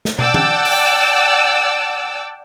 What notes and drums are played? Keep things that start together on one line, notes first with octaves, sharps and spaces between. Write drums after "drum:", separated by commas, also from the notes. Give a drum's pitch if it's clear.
drum: snare
D5 F#5 G5 A5 D6 E6, drum: tom
drum: tom E3
drum: open hi-hat